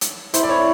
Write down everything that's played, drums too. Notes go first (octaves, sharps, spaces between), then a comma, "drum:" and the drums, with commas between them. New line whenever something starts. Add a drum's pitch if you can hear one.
drum: hi-hat
E4 C5, drum: hi-hat
D5
C#5